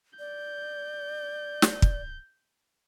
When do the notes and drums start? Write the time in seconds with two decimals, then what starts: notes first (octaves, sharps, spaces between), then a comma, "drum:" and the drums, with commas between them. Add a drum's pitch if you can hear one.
0.19 D5 G6
1.62 drum: snare
1.82 drum: kick